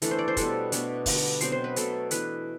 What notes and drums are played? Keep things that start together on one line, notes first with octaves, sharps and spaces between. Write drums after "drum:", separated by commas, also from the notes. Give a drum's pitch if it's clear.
E3 A3 D4 A4, drum: hi-hat
C5
D5
C5
B2 G3 D4 A4, drum: kick, hi-hat
B2 A3 D4, drum: hi-hat
D3 G3 B3 D4, drum: kick, open hi-hat
B2 F#3 C4 C5, drum: hi-hat
C5
B4
B2 F#3 A3 A4, drum: hi-hat
E3 B3 D4 B4, drum: hi-hat